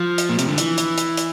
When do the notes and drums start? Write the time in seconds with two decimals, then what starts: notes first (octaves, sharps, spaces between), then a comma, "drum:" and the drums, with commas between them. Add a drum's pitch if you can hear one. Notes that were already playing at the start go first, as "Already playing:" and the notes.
Already playing: F3
0.18 drum: hi-hat
0.29 A#2
0.39 C3, drum: hi-hat
0.48 D3
0.58 E3, drum: hi-hat
0.78 drum: hi-hat
0.98 drum: hi-hat
1.17 drum: hi-hat